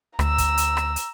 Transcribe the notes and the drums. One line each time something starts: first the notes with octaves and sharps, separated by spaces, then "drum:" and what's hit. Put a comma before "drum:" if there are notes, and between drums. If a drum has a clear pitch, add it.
D2 A#5 E6, drum: rim click
drum: kick, hi-hat
drum: hi-hat
drum: rim click
drum: hi-hat